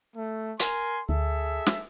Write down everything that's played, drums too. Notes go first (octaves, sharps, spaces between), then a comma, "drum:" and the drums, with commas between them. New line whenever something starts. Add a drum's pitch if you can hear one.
A3
A#4 G#5 C6, drum: hi-hat
D2 G#4 A4 E5
drum: snare